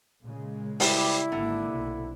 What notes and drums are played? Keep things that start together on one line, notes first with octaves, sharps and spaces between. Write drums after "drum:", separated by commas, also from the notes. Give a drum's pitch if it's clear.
A#2 C#3 G#3
G3 E4, drum: open hi-hat
G#1 D3 A#3
B1 C3